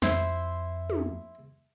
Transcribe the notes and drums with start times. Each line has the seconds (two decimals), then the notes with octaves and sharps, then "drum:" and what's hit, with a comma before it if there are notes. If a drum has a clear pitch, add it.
0.02 F2 E4 C5 C6, drum: snare
0.90 drum: tom